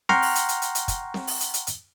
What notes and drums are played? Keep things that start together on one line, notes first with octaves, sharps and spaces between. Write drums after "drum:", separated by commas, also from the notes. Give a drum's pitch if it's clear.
F#5 G5 A#5 C6 C#6 F6, drum: snare C4
drum: open hi-hat
drum: hi-hat
drum: hi-hat
drum: hi-hat
drum: hi-hat
drum: kick, hi-hat
drum: snare C4
drum: open hi-hat
drum: hi-hat
drum: hi-hat
drum: hi-hat